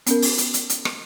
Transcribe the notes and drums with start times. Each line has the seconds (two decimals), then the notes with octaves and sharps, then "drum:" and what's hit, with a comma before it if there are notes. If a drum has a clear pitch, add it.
0.07 B3 C#4 A#4, drum: hi-hat
0.22 drum: open hi-hat
0.38 drum: hi-hat
0.54 drum: hi-hat
0.70 drum: hi-hat
0.85 drum: rim click